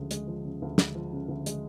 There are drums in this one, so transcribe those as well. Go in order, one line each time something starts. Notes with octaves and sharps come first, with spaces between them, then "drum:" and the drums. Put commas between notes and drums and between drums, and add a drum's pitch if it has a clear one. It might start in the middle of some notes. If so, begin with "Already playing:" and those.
Already playing: D2 C#3 F3 G#3
G#3, drum: hi-hat
F3
C#3
D2
G#3, drum: snare
F3
C#3
D2
G#3, drum: hi-hat